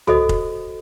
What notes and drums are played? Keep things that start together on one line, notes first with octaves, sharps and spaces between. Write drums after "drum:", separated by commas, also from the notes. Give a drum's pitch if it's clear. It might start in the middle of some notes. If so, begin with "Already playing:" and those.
F#4 A4 C5 D#5 D#6, drum: tom
drum: kick F1